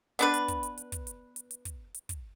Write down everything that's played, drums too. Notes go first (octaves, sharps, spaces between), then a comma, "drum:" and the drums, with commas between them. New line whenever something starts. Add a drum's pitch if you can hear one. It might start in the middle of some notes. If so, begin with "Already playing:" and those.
B3 D4 B4, drum: hi-hat
drum: hi-hat
drum: kick, hi-hat
drum: hi-hat
drum: hi-hat
drum: kick, hi-hat
drum: hi-hat
drum: hi-hat
drum: hi-hat
drum: kick, hi-hat
drum: hi-hat
drum: kick, hi-hat